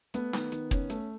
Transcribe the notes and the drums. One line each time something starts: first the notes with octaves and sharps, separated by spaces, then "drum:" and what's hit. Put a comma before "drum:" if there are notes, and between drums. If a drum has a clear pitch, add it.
A3 B3, drum: hi-hat
D#3, drum: snare
D#3, drum: hi-hat
C#4, drum: kick, hi-hat
A3, drum: hi-hat